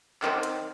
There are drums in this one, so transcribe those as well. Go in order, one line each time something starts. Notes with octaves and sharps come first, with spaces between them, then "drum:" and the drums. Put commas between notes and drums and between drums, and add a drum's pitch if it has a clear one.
D#3 F#3 C4, drum: clap
drum: hi-hat